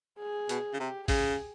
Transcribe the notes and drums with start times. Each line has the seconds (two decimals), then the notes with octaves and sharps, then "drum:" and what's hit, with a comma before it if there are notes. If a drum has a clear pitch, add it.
0.19 G#4
0.49 B2, drum: hi-hat
0.73 C#3
0.79 C3 G4
1.08 C#3 G#4, drum: kick, open hi-hat